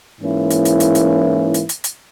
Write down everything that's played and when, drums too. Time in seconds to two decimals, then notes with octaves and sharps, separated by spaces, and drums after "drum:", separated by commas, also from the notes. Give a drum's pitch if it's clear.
0.21 G#2 E3 A#3 C#4 E4
0.50 drum: hi-hat
0.65 drum: hi-hat
0.80 drum: hi-hat
0.95 drum: hi-hat
1.54 drum: hi-hat
1.69 drum: hi-hat
1.84 drum: hi-hat